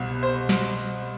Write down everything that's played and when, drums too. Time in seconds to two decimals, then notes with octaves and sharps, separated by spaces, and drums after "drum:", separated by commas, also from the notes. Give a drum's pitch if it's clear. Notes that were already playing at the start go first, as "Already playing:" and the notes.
Already playing: C2 B2
0.23 C5
0.49 drum: snare